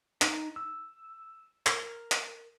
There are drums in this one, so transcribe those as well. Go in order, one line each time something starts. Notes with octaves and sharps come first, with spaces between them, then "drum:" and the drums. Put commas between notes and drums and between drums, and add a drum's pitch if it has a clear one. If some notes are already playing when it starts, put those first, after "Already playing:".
D#4, drum: clap
E6
A#4, drum: clap
drum: clap